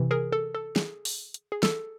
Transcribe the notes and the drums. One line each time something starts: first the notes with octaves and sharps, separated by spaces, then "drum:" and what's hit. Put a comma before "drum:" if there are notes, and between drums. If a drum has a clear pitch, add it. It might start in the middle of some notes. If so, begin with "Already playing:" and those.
Already playing: C3 E3
G#4 A#4
A4
A4
G#4, drum: snare
drum: open hi-hat
drum: hi-hat
G#4
A4, drum: snare